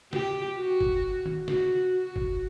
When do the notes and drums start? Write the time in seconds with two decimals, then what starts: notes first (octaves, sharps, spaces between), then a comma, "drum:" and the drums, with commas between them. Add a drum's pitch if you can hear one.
0.13 G4, drum: snare
0.58 F#4
0.81 drum: kick
1.26 drum: tom D#3
1.48 F#4, drum: snare
1.93 F#4
2.16 drum: kick